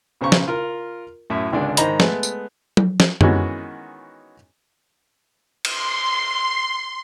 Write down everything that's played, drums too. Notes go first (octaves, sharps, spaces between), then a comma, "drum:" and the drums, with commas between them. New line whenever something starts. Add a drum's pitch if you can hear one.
B1 C#3 C5 A#5 C#6
drum: snare
F4 A#4
F#2 A2 E4 E5
G#1 C#2 D3 G#3 D4 D5
G#2 D#3 C5 D#5 A#5 B5, drum: hi-hat
G#3 A3 B3, drum: snare
drum: tambourine
drum: tom
drum: snare
D#3 E3 G#3 B3 C#4 F#4, drum: tom F#2
C6, drum: cymbal